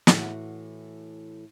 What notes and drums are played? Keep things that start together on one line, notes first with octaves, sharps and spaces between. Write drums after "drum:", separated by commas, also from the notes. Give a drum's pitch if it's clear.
A2 E3 F#4 F#5, drum: snare